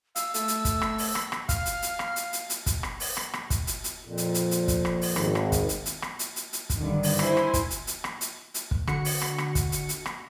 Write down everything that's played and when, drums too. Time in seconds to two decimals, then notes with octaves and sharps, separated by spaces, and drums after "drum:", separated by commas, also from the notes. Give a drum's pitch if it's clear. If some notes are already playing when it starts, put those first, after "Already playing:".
0.16 F5 E6, drum: hi-hat
0.34 A3, drum: hi-hat
0.48 drum: hi-hat
0.65 drum: kick, hi-hat
0.82 drum: rim click
0.98 drum: open hi-hat
1.15 drum: rim click
1.32 drum: rim click
1.49 F5 F6, drum: kick, hi-hat
1.66 drum: hi-hat
1.82 drum: hi-hat
1.99 drum: rim click
2.16 drum: hi-hat
2.33 drum: hi-hat
2.50 drum: hi-hat
2.66 drum: kick, hi-hat
2.83 drum: rim click
3.00 drum: open hi-hat
3.17 drum: rim click
3.34 drum: rim click
3.50 drum: kick, hi-hat
3.67 drum: hi-hat
3.84 drum: hi-hat
4.05 F2 A#2
4.18 drum: hi-hat
4.34 drum: hi-hat
4.51 drum: hi-hat
4.68 drum: kick, hi-hat
4.85 drum: rim click
5.02 drum: open hi-hat
5.16 G#1, drum: rim click
5.35 drum: rim click
5.52 drum: kick, hi-hat
5.69 drum: hi-hat
5.86 drum: hi-hat
6.02 drum: rim click
6.19 drum: hi-hat
6.36 drum: hi-hat
6.53 drum: hi-hat
6.70 drum: kick, hi-hat
6.79 G2 D3 D#3
7.03 drum: open hi-hat
7.19 E4 C5 G#5, drum: rim click
7.37 drum: rim click
7.54 drum: kick, hi-hat
7.70 drum: hi-hat
7.87 drum: hi-hat
8.04 drum: rim click
8.21 drum: hi-hat
8.54 drum: hi-hat
8.71 drum: kick
8.87 D3 F#4 C#7, drum: rim click
9.05 drum: open hi-hat
9.22 drum: rim click
9.38 drum: rim click
9.55 drum: kick, hi-hat
9.72 drum: hi-hat
9.89 drum: hi-hat
10.06 drum: rim click